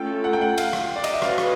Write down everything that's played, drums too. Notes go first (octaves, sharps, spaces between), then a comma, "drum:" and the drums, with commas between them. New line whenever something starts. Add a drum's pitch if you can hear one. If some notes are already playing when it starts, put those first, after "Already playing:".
Already playing: A3 C#4 F4 A4 G5
F#5
G5
F#5
F5, drum: cymbal
drum: rim click
D5
D#5, drum: cymbal
E5
C#4 F#4 B4 D#5 F5, drum: rim click
drum: rim click